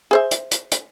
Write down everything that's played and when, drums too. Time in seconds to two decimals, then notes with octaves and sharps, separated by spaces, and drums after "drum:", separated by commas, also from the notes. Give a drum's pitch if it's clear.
0.11 G#4 C5 E5
0.31 drum: hi-hat
0.51 drum: hi-hat
0.72 drum: hi-hat